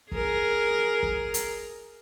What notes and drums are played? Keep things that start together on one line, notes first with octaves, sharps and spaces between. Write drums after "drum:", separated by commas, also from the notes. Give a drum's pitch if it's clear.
G#4 A#4, drum: kick
drum: kick
drum: hi-hat